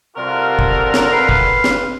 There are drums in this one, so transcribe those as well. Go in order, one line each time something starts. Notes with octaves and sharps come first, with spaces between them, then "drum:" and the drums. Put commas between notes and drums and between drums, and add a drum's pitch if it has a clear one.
C3 G3 F4 F#4 A4 A#4
drum: kick
drum: snare
B4 F5
drum: kick
drum: snare